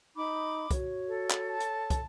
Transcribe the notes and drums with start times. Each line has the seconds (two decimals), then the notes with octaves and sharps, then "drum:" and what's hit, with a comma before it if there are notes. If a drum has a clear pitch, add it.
0.16 D#4 B5 D6
0.71 F#4 C#5, drum: kick, hi-hat
1.07 A4
1.30 drum: clap
1.51 A5
1.60 drum: hi-hat
1.90 drum: kick, hi-hat